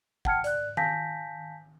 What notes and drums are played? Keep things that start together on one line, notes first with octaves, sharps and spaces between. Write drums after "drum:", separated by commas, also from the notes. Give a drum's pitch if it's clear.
F#5 G5 A5 F6 G#6 C#7, drum: kick
D5 F#6, drum: hi-hat
F5 G#5 A5 G6 A#6 B6, drum: tom D#3